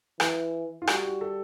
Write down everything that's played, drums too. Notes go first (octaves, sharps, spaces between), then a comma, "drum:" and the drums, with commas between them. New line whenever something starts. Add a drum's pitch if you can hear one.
E3, drum: rim click
F4
G3 F#4, drum: rim click
F#4
A4